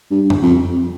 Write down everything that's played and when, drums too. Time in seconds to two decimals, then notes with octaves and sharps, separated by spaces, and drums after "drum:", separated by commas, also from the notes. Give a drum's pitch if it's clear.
0.11 G2
0.30 drum: tom F2
0.42 F2